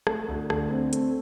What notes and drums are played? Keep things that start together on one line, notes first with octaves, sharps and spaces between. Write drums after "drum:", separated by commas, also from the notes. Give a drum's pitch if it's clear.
A3, drum: rim click
D2
D3, drum: rim click
C4
A3, drum: hi-hat